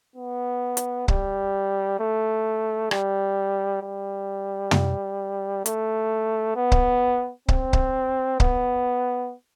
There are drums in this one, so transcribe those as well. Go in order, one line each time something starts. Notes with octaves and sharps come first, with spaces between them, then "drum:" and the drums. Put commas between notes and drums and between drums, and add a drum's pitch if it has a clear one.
B3
drum: hi-hat
G3, drum: kick C#1
A3
G3, drum: rim click
G3
drum: tom
A3, drum: hi-hat
B3
drum: kick C#1
C4, drum: kick C#1
drum: kick C#1
B3, drum: kick C#1